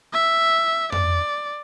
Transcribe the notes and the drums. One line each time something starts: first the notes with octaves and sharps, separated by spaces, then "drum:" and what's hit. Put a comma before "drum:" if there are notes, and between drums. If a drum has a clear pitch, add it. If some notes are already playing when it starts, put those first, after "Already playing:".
E5
D5, drum: tom F2